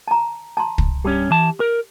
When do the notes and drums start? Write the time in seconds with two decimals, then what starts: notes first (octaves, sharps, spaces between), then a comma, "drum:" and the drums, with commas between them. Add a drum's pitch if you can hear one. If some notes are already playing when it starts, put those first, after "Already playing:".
0.08 A5 A#5
0.57 A5 A#5 C6
0.78 drum: kick
1.05 G2 C#4 G4
1.31 E3 A5
1.60 A#4